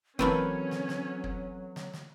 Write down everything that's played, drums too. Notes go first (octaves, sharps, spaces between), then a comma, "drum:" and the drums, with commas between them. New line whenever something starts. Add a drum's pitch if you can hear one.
E3 F#3 A3 A#3 C4 C#4 A4 B4, drum: kick
drum: snare
drum: snare
drum: kick
drum: snare
drum: snare